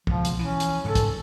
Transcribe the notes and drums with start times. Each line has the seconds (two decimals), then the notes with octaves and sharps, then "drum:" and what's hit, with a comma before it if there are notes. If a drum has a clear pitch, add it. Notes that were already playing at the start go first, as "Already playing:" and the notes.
0.07 C#2 B2 F3, drum: kick
0.25 drum: hi-hat
0.39 E3 C#4
0.60 drum: hi-hat
0.85 G#2 C#3 G#3 A4
0.95 drum: kick, hi-hat